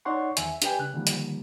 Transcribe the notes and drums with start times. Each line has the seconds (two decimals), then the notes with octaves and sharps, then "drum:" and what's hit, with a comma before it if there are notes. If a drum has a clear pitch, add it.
0.05 D#4 C#5 D5 F#5 C6 C#6
0.37 E2 D#3 E5 G#5, drum: hi-hat
0.62 D4 G4 B4 G5 G#5, drum: hi-hat
0.79 C#3 F#6
0.94 D3 D#3 F3 G3 A#3
1.07 drum: hi-hat